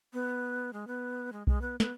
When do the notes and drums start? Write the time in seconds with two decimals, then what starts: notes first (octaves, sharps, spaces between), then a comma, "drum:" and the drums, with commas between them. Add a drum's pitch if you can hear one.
0.13 B3
0.73 G#3
0.87 B3
1.32 G#3
1.47 G#3, drum: kick B1
1.61 B3
1.80 B3, drum: snare